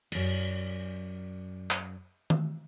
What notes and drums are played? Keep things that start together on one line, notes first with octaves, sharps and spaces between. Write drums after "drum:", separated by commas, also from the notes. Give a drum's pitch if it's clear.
F#2 D5, drum: cymbal
drum: clap
drum: tom D#3